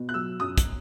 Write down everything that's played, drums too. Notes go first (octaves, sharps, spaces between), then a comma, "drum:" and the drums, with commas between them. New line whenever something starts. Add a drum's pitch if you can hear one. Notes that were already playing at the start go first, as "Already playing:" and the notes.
Already playing: B2
F#6
F#3 E6
F#2 D#6
drum: kick, hi-hat